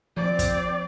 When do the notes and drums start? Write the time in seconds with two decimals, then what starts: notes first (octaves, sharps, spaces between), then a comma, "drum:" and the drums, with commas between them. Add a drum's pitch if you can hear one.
0.17 F3 C4 D5
0.39 drum: kick, hi-hat